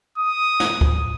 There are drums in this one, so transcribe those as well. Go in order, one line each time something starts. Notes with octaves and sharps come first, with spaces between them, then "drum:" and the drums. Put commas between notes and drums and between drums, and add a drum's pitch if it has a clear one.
D#6
drum: snare
drum: kick C#2